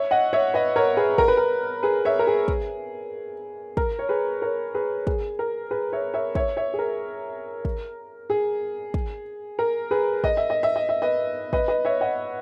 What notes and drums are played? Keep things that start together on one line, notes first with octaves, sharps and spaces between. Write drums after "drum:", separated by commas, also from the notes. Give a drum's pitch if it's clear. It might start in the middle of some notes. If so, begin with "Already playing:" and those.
Already playing: C#5 E5
D#5 F#5
C#5 E5
B4 D#5
A#4 C#5
G#4 B4
A#4, drum: kick
B4
A#4
G#4 B4
C#5 E5
A#4
G#4
drum: kick
A#4, drum: kick
C#5
G#4 B4
A#4 C#5
G#4 B4
G#4, drum: kick
A#4
G#4 B4
C#5 E5
C#5 E5
C#5 E5, drum: kick
C#5 E5
G#4
A#4
drum: kick
G#4
drum: kick
A#4
G#4 B4
D#5, drum: kick
E5
D#5
E5
D#5
E5
B4 D#5
B4 D#5, drum: kick
B4 D#5
C#5 E5
D#5 F#5